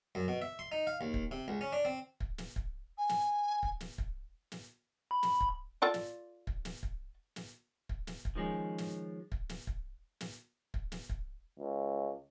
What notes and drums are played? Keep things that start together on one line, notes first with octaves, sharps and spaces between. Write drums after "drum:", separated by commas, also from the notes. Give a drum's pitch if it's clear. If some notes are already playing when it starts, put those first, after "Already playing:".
F#2
B2
E5
C6
D#4
F5
D#2
drum: kick
C3
C#2
C#4
D4
C4
drum: kick
drum: snare
drum: kick
G#5
drum: snare
drum: kick
drum: snare
drum: kick
drum: snare
B5
drum: snare
drum: kick
F4 A4 D5
drum: snare
drum: kick
drum: snare
drum: kick
drum: snare
drum: kick
drum: snare
drum: kick
D#3 F3 G#3 C#4
drum: snare
drum: kick
drum: snare
drum: kick
drum: snare
drum: kick
drum: snare
drum: kick
C#2